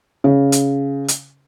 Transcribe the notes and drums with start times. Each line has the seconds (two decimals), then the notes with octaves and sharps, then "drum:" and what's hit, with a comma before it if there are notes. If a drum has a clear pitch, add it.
0.24 C#3
0.52 drum: hi-hat
1.08 drum: hi-hat